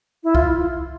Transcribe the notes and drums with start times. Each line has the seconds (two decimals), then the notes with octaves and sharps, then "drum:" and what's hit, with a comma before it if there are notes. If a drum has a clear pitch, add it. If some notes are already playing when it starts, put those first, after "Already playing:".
0.24 E4
0.35 F4, drum: kick B1